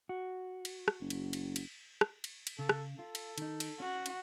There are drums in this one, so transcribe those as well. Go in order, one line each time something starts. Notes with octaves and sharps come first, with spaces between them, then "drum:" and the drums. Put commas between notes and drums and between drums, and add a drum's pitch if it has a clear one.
F#4
drum: cymbal
drum: rim click
F#1
drum: cymbal
drum: cymbal
drum: cymbal
drum: rim click
drum: cymbal
drum: cymbal
C#3 A4
drum: rim click
F4 A4
drum: cymbal
D#3 D#4, drum: cymbal
drum: cymbal
C#4 F#4
drum: cymbal